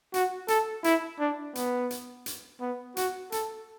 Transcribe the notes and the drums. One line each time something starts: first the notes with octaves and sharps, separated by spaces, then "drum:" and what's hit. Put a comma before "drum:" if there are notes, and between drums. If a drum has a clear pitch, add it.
F#4, drum: hi-hat
A4, drum: hi-hat
E4, drum: hi-hat
D4
B3, drum: hi-hat
drum: hi-hat
drum: hi-hat
B3
F#4, drum: hi-hat
A4, drum: hi-hat